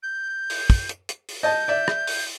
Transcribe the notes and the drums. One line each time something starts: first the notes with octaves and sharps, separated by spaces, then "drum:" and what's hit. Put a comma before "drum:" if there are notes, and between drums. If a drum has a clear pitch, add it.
G6
drum: open hi-hat
drum: kick, open hi-hat
drum: hi-hat
drum: hi-hat
drum: open hi-hat
D#5 A5 G6
D5 E5
drum: rim click
drum: open hi-hat